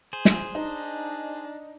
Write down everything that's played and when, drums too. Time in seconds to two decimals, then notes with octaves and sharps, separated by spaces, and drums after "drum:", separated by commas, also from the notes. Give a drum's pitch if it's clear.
0.13 G#4 C5
0.25 drum: snare
0.55 D4 D#4